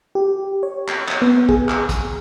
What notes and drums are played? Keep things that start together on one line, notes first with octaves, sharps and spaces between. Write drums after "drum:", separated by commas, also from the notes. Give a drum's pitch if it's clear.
G4
C#5
drum: clap
drum: clap
B3
G#4, drum: kick A#1
drum: clap
drum: kick A#1, hi-hat